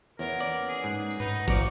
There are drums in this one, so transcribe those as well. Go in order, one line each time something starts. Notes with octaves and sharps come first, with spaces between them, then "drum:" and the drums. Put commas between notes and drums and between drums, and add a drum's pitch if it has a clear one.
E2 A#3 B3 C#4 A#4
D5
G#4
G#2
drum: tambourine
G#2 A3 D#4 F#4 B4
G1 F3 D5 A#5 C#6, drum: kick, tambourine